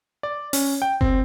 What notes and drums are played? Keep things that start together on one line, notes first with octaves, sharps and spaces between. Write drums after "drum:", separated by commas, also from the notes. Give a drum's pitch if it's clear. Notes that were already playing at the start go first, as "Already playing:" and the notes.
D5
C#4, drum: open hi-hat
G5
C4, drum: kick F#1